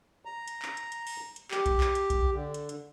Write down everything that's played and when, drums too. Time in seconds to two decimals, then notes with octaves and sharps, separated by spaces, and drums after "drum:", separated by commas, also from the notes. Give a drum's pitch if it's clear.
0.25 A#5
0.48 drum: hi-hat
0.62 drum: clap
0.77 drum: hi-hat
0.92 drum: hi-hat
1.07 drum: open hi-hat
1.36 drum: hi-hat
1.51 G4, drum: clap
1.66 drum: kick B1, hi-hat
1.81 drum: clap
1.95 drum: hi-hat
2.10 drum: kick B1, hi-hat
2.33 D3
2.54 drum: hi-hat
2.69 drum: hi-hat